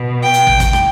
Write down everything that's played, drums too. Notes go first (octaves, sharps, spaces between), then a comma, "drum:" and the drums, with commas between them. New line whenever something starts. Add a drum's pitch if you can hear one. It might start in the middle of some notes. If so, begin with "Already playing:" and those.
Already playing: B2
G5
drum: hi-hat
drum: kick
drum: kick, hi-hat
drum: rim click